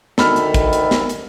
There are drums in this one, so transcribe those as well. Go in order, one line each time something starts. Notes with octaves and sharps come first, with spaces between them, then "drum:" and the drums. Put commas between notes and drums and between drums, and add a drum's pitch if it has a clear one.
D2 D#3 A4 B5 F6, drum: snare
drum: hi-hat
drum: kick, hi-hat
drum: hi-hat
drum: snare
drum: hi-hat